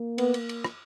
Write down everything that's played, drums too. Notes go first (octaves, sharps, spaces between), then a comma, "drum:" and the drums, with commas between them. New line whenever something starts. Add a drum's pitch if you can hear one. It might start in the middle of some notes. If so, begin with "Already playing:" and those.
Already playing: A#3
B3, drum: cymbal
drum: cymbal
drum: cymbal
drum: rim click